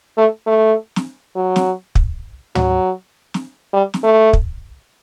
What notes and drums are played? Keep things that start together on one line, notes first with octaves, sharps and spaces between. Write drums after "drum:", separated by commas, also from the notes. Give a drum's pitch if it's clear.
A3
A3
drum: snare
F#3
drum: snare
drum: kick
F#3, drum: tom
drum: snare
G3
drum: snare
A3
drum: kick